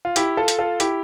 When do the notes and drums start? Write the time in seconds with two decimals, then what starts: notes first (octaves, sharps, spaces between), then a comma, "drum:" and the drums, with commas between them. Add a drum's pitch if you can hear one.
0.05 F4
0.16 E4 G4, drum: hi-hat
0.37 F4 A4
0.48 drum: hi-hat
0.59 F4 A4
0.80 E4 G4, drum: hi-hat